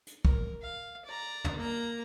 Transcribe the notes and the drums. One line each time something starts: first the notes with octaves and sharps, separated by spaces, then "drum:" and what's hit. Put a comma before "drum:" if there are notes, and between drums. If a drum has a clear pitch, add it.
drum: hi-hat
A#4, drum: kick
F5
D5 A#5
drum: tom
A#3 A#5